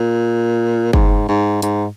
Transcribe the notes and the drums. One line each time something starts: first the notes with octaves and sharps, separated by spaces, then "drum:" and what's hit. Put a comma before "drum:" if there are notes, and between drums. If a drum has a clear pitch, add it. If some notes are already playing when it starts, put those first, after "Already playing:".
Already playing: A#2
G#2, drum: kick
G#2
G#2, drum: hi-hat